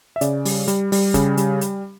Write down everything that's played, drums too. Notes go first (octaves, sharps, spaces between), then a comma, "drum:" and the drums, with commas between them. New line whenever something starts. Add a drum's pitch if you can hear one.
E5
C#3 D5, drum: hi-hat
G3, drum: open hi-hat
G3, drum: hi-hat
G3, drum: open hi-hat
C#3, drum: kick, hi-hat
G3, drum: hi-hat
drum: hi-hat